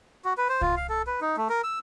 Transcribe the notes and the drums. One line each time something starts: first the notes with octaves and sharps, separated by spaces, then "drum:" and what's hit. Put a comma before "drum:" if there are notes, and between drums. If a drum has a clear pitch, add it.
F#4
B4
C5
F4, drum: kick C2
F5
A4
B4
D#4
A3
A#4
E6